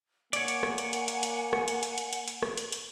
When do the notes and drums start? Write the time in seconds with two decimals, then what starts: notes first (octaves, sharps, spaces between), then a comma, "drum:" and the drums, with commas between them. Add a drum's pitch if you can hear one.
0.33 A#3 C#5 D5 F#5 G#5, drum: hi-hat
0.48 drum: hi-hat
0.63 drum: rim click
0.78 drum: hi-hat
0.93 drum: hi-hat
1.08 drum: hi-hat
1.23 drum: hi-hat
1.53 drum: rim click
1.68 drum: hi-hat
1.83 drum: hi-hat
1.98 drum: hi-hat
2.13 drum: hi-hat
2.28 drum: hi-hat
2.42 drum: rim click
2.57 drum: hi-hat
2.72 drum: hi-hat